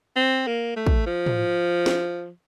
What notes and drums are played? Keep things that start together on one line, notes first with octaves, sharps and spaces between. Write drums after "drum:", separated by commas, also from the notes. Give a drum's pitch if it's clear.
C4
A#3
A3
drum: kick
F3
drum: tom
drum: snare